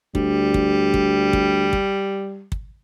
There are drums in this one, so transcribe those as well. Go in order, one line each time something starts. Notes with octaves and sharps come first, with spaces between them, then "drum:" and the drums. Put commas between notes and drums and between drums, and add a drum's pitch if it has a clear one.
D2 G3, drum: kick
drum: kick
drum: kick
drum: kick
drum: kick
drum: kick